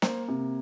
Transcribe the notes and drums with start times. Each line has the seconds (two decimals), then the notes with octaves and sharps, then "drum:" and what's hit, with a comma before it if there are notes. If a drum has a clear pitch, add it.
0.02 A#3 C5, drum: snare
0.28 C3